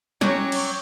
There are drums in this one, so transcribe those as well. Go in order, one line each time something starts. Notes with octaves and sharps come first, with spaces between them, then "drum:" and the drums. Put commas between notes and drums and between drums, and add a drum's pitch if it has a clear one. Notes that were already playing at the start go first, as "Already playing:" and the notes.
F#3 C#4 C#5 G5 C#6 D6 G#6, drum: snare
drum: cymbal